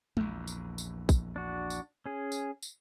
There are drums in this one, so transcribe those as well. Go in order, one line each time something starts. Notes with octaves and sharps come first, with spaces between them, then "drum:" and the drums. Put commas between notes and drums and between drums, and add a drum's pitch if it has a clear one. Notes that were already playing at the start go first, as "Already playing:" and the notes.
A#1 E2, drum: tom G#3
drum: tambourine
drum: tambourine
drum: kick, tambourine
D4 F#4
drum: tambourine
C#4 G#4
drum: tambourine
drum: tambourine